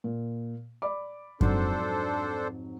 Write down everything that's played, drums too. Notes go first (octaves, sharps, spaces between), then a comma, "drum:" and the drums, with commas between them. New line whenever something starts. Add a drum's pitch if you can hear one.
A#2
D5 B5 D6
F2 G#2 F#3 D4 A4 C5, drum: kick F#2